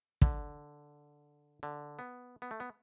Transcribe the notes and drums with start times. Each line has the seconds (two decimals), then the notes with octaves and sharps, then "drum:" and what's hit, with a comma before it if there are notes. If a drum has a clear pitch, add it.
0.22 D3, drum: kick
1.63 D3
1.99 B3
2.42 B3
2.51 A3
2.60 B3